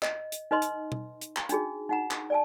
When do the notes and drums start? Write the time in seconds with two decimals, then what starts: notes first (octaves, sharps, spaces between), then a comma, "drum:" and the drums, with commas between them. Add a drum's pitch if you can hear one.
0.02 D#5, drum: clap
0.32 drum: hi-hat
0.51 D#4 B4 D#5 C6
0.62 drum: hi-hat
0.92 drum: tom B2
1.21 drum: hi-hat
1.36 drum: clap
1.49 D4 D#4 F#4 G#4, drum: hi-hat
1.89 D#4 F#5 A#5
2.11 drum: clap
2.30 D5 G#5 A5